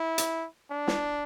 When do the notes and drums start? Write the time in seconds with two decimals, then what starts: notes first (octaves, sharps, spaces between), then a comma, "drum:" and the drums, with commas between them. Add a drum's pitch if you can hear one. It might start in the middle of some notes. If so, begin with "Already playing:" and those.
Already playing: E4
0.18 drum: hi-hat
0.70 D4
0.88 drum: snare